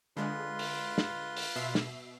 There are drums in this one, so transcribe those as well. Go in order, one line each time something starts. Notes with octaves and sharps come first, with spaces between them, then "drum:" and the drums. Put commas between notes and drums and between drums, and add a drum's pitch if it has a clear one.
D3 G#3 F4 B4 C6
drum: open hi-hat
drum: snare
drum: open hi-hat
B2 E5 C7
drum: snare